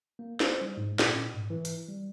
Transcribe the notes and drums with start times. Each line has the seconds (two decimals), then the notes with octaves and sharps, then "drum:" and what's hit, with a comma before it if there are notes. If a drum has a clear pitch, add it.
0.19 A#3
0.40 C5, drum: snare
0.61 G3
0.77 G#2
0.99 A#2, drum: snare
1.34 G#2
1.50 E3
1.65 drum: hi-hat
1.89 G3